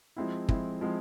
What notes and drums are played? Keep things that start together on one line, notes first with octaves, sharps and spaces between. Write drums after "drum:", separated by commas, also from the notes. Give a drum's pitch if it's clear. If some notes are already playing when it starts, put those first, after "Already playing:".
F3 G#3 C4 E4
F3 G#3 C4 E4, drum: kick
F3 G#3 C4